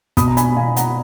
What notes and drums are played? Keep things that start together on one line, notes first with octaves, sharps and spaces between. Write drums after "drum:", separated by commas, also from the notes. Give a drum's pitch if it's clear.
B2 B5 D#6, drum: kick, hi-hat
A#5
G#5 B5, drum: hi-hat
B2 F5 G#5
F#5 A#5, drum: hi-hat